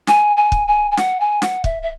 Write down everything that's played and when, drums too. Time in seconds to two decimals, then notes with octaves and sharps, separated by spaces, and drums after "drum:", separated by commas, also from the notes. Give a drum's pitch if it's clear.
0.07 G#5, drum: snare
0.36 G#5
0.52 drum: kick
0.67 G#5
0.91 G#5
0.97 F#5, drum: snare
1.20 G#5
1.42 F#5, drum: snare
1.64 E5, drum: kick
1.82 E5